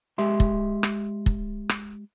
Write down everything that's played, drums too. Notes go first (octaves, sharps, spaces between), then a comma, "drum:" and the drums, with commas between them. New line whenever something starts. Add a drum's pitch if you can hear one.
G#3 G4 E5 C6
drum: kick
drum: rim click
drum: kick
drum: rim click